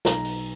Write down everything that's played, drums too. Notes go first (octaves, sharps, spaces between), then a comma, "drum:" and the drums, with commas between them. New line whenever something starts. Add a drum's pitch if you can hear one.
B1 A#5, drum: snare
drum: open hi-hat